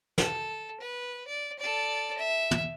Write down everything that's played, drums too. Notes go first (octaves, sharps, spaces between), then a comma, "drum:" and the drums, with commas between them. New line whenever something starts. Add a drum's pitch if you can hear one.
A4, drum: snare
B4
D5
A4 D5
E5
drum: tom